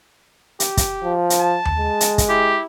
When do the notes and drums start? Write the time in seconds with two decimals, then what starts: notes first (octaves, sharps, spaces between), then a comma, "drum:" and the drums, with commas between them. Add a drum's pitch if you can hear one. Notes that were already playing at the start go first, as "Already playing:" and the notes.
0.60 G4, drum: hi-hat
0.77 drum: kick, hi-hat
1.04 F3
1.30 drum: hi-hat
1.41 A5
1.65 drum: tom D#2
1.77 G#3
2.01 drum: hi-hat
2.18 drum: kick, hi-hat
2.29 E4 G4